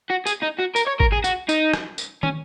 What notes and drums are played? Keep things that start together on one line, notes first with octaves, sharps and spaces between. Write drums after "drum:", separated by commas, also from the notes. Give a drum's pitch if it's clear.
F#4
G#4, drum: tambourine
D#4
F#4
A#4, drum: tambourine
C#5
A#4, drum: kick
G#4
F#4, drum: tambourine
D#4, drum: tambourine
drum: rim click
drum: tambourine
C#4, drum: tom